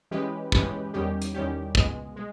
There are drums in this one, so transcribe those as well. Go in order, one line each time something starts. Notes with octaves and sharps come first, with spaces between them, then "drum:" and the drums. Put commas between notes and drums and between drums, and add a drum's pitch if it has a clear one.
E3 G#3 C#4 G4 B4
E3 G#3 C#4 G4 B4, drum: kick
E2 D#3 G3 C#4 G4
drum: hi-hat
E2 D#3 G3 C#4 G4
C#2 B2 G#3, drum: kick
G#3